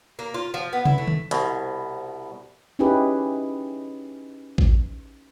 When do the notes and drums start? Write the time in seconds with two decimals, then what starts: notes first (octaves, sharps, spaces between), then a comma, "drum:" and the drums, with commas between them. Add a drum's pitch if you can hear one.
0.19 A#3
0.34 F4
0.54 F3
0.73 B3
0.85 E4, drum: tom
0.98 A3
1.07 drum: tom D3
1.31 C2 B2, drum: hi-hat
2.79 C#4 D#4 E4 G4 G#4 B4
4.58 drum: kick A1